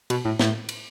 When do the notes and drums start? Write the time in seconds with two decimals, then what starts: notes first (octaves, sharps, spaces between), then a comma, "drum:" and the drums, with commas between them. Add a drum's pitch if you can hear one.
0.10 B2, drum: cymbal
0.25 A2
0.39 A2, drum: snare
0.69 drum: cymbal